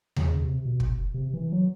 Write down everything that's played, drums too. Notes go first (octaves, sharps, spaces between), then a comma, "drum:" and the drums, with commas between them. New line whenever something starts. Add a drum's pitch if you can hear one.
C#3, drum: tom D#2
C3
B2
drum: kick
C3
E3
F#3